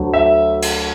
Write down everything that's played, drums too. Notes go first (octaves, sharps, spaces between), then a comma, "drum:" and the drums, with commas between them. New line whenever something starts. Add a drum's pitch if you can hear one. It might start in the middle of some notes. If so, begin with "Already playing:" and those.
Already playing: D2 D3 F#3 A3
E5
drum: cymbal